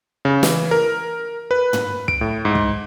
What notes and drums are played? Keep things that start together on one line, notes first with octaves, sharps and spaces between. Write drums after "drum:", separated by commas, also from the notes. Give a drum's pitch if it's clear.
C#3
E3, drum: snare
A#4
B4
drum: tom
D7, drum: kick
A2
G#2
drum: kick